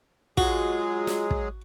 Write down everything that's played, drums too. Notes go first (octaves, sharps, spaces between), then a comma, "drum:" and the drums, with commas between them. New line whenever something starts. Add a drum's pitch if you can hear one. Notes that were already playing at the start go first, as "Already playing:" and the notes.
F#3 G#3 F4 F#4 G#4, drum: kick
drum: snare
drum: kick